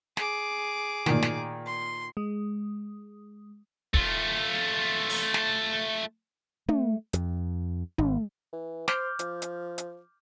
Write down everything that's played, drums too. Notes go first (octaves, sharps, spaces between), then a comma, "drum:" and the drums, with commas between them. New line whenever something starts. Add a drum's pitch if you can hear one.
G#4 D6, drum: snare
A#2 D#3, drum: snare
drum: snare
C6
G#3
A3 F4, drum: kick
drum: open hi-hat
drum: snare
A3, drum: tom
F2, drum: hi-hat
G#1, drum: tom
E3
C5 D6 F6 G6, drum: snare
F3, drum: hi-hat
drum: hi-hat
drum: hi-hat